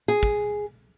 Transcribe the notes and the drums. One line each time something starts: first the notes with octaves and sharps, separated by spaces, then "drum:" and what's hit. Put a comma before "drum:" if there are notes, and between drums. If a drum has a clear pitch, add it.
G#4
drum: kick